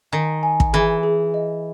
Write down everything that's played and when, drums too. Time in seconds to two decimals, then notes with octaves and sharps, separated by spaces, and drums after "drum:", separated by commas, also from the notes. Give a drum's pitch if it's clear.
0.12 D#3 G#5
0.43 G#5
0.60 drum: kick
0.73 E3 G#4
1.03 G#4
1.34 D#5